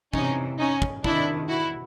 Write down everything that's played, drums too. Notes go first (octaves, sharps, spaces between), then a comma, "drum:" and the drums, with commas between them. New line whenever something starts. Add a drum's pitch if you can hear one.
C3 E3 C#4 D#4, drum: kick
C#4 D#4
drum: kick
C3 D#3 D4 E4, drum: kick
E4 F#4